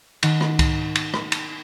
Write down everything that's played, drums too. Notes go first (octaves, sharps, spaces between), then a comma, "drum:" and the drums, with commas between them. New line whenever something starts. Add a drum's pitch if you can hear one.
D#3 F#5, drum: cymbal
drum: rim click
drum: kick C2, cymbal
drum: cymbal
drum: rim click
drum: cymbal